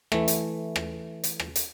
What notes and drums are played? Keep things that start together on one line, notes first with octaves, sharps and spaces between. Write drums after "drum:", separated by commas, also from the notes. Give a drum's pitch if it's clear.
E3 A3, drum: rim click
drum: hi-hat
drum: rim click
drum: hi-hat
drum: rim click
drum: hi-hat